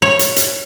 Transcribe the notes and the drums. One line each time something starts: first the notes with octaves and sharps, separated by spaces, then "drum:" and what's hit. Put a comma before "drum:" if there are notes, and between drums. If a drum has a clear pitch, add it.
C#5
drum: hi-hat
drum: hi-hat